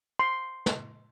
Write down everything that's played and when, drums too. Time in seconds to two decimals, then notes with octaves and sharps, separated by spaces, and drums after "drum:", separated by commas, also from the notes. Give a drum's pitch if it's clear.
0.19 C6
0.66 drum: snare